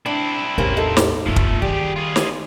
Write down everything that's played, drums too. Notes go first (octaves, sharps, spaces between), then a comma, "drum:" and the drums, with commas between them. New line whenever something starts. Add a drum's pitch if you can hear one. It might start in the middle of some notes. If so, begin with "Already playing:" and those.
C4 D4 E4
A1 E2 C3 A#3 C#4
D#4 A4
drum: snare
G2 F3 A3 A#3
drum: kick
D#3 G3 G4 G#4
F4 G#4
drum: snare